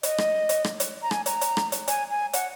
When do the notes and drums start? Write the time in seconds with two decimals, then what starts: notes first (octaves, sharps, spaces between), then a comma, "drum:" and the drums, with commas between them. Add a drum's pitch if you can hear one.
0.03 D#5, drum: hi-hat
0.18 drum: rim click
0.49 drum: hi-hat
0.64 drum: rim click
0.80 drum: hi-hat
1.03 A#5
1.11 G#5, drum: rim click
1.26 A#5, drum: hi-hat
1.41 drum: hi-hat
1.57 drum: rim click
1.72 drum: hi-hat
1.88 G#5, drum: hi-hat
2.10 G#5
2.33 F#5, drum: hi-hat